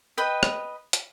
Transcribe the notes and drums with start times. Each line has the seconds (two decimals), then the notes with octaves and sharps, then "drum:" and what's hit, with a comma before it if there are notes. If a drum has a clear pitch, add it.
0.17 B4 D#5 G5
0.43 drum: rim click
0.93 drum: hi-hat